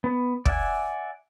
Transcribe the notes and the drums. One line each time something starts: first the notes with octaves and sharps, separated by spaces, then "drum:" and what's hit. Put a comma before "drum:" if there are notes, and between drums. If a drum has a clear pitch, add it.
B3
D5 E5 F#5 G#5, drum: kick